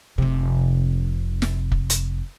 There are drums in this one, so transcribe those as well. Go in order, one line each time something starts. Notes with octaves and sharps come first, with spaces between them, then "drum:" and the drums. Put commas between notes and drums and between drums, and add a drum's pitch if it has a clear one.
F1 C3
drum: snare
drum: kick
drum: hi-hat